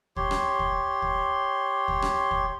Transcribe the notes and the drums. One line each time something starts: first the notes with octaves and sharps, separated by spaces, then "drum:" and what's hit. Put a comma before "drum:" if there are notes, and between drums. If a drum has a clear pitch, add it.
G4 C#5 C6, drum: kick D2
drum: rim click
drum: kick D2
drum: kick D2
drum: kick D2
drum: rim click
drum: kick D2